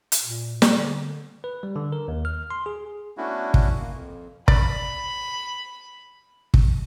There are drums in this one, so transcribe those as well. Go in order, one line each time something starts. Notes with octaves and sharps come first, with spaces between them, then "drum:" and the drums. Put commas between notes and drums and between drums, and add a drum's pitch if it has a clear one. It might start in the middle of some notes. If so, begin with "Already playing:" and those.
drum: hi-hat
A#2
G3, drum: snare
D3
B4
G3
D3
A#4
D#2
F6
C6
G#4
A3 B3 C#4 D4 E4 F#4
drum: kick
A#3
F2
D5 B5, drum: kick
drum: kick